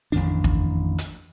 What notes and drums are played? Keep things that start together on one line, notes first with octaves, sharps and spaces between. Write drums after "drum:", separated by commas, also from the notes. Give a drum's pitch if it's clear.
A1 F2 D#3 D4
drum: kick
drum: hi-hat